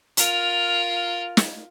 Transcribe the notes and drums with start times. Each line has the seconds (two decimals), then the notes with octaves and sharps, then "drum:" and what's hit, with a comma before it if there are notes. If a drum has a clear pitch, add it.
0.17 F4 A#4, drum: hi-hat
1.37 drum: snare